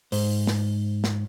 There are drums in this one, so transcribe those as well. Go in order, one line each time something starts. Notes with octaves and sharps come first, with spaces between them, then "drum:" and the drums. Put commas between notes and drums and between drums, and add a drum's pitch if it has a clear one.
G#2 C5, drum: open hi-hat
drum: snare
drum: snare